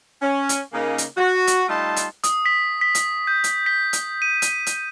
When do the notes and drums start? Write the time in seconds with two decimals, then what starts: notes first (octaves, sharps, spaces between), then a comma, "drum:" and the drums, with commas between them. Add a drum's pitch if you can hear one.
0.22 C#4
0.49 drum: hi-hat
0.73 C#3 A#3 D#4
0.98 drum: hi-hat
1.17 F#4
1.47 drum: hi-hat
1.68 G3 A3 D#4 F4 A5 C6
1.96 drum: hi-hat
2.24 D#6, drum: hi-hat
2.46 B6
2.81 B6
2.95 drum: hi-hat
3.27 G6
3.44 drum: hi-hat
3.66 B6
3.93 drum: hi-hat
4.22 D#7
4.42 drum: hi-hat
4.66 drum: hi-hat